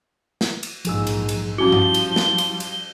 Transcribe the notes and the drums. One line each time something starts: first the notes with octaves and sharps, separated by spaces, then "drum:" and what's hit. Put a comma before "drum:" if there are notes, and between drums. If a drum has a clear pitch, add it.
drum: snare
drum: cymbal
A#1 G#2 F3 G#4 E6, drum: cymbal
drum: cymbal
drum: cymbal
F3 G3 C#4 E4 F#4 G7
drum: tom G2
drum: cymbal
drum: snare
drum: cymbal
drum: cymbal